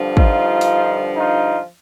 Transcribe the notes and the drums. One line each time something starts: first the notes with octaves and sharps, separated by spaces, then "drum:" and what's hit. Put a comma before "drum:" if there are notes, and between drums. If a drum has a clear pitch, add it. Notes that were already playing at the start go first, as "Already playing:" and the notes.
Already playing: G2 D3 F3
D#4 F4, drum: kick
drum: open hi-hat
D#4 F4